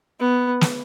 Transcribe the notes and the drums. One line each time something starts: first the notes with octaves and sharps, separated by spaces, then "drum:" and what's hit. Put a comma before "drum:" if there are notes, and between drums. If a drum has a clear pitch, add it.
B3
drum: snare